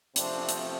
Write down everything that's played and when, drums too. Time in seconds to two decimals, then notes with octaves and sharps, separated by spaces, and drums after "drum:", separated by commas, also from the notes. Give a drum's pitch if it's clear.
0.16 C3 F3 A3 C4 D4, drum: hi-hat
0.49 drum: hi-hat